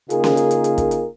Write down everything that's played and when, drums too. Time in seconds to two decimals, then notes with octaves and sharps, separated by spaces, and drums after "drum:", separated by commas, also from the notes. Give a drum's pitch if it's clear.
0.10 C#3 A#3 D#4 F4 G#4 A#4, drum: hi-hat
0.24 drum: snare C#4
0.37 drum: hi-hat
0.51 drum: hi-hat
0.64 drum: hi-hat
0.78 drum: kick, hi-hat
0.91 drum: hi-hat